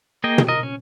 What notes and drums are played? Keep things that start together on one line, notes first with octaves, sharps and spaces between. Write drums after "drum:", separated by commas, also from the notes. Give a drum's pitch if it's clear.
A#3 G#4 D#5 G5
drum: tom
A#4 D#5
C#4